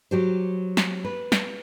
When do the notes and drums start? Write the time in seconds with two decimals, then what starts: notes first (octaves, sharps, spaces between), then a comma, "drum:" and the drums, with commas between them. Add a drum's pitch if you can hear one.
0.11 F#3 G4 C5
0.77 drum: snare
1.05 B4
1.32 drum: snare